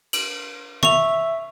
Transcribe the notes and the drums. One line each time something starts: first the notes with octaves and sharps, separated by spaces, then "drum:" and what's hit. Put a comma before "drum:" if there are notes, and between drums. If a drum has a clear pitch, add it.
F#7, drum: cymbal
E5 C#6 F7, drum: tom